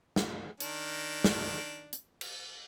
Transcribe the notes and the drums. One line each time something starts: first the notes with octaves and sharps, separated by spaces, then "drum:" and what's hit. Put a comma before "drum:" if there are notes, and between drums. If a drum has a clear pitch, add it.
drum: snare
D#3 D4, drum: hi-hat
drum: snare
drum: hi-hat
drum: cymbal